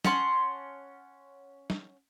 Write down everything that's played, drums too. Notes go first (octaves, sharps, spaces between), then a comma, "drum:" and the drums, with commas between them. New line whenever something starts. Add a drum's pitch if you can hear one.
C#4 F#5 A5 C6, drum: snare
drum: snare